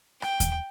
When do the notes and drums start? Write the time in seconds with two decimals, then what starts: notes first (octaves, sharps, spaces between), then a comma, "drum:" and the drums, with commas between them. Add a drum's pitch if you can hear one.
0.22 G5, drum: rim click
0.40 drum: kick D#2, hi-hat